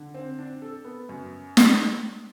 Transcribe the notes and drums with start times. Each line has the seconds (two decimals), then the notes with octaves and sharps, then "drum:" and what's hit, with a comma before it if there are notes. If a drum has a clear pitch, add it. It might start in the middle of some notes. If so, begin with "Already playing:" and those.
Already playing: D3
0.14 C4
0.39 D4
0.62 A4
0.85 B3
1.09 F#2
1.57 drum: snare